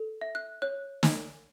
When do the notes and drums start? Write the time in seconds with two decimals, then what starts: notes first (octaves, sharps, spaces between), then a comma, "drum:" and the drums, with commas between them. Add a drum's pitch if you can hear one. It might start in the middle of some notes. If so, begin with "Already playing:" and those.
Already playing: A4
0.21 E5
0.35 F#6
0.62 C#5 F#6
1.03 drum: snare